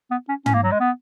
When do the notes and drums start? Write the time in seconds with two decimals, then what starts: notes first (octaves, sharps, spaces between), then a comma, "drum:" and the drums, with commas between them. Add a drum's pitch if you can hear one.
0.11 B3
0.29 C#4
0.46 C#4, drum: tom
0.54 A#3
0.63 F#3
0.72 G#3
0.80 B3